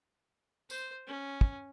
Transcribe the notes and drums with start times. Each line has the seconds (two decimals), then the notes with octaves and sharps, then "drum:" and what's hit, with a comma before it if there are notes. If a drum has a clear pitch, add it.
0.70 C5, drum: tambourine
1.07 C#4
1.41 drum: kick